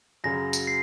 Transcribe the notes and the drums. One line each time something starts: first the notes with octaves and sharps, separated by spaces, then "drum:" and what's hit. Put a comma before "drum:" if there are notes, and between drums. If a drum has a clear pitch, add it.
F#2 C#3 F#3 A#6
drum: tambourine
C7